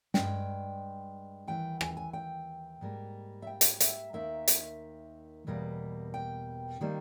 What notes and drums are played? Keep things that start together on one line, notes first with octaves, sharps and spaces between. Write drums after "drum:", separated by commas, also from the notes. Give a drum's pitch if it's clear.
G2 D#3 G#3 G5, drum: snare
D#2 C#3 E3 G5
G#5, drum: rim click
G#5
G5
G#2 G3 A#3
E5
G5
drum: hi-hat
E5, drum: hi-hat
D#2 D#3 A#3 E5
drum: hi-hat
E2 B2 G3 A#3
G5
D#3 G3 A#3